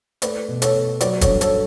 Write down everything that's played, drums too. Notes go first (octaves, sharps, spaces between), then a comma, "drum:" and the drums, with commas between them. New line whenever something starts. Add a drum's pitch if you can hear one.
A3 B4 D5, drum: hi-hat
B2
A4 C#5, drum: hi-hat
B2
F#3 B4 D5, drum: hi-hat
A4 C#5, drum: kick, hi-hat
G2
A4 C#5, drum: hi-hat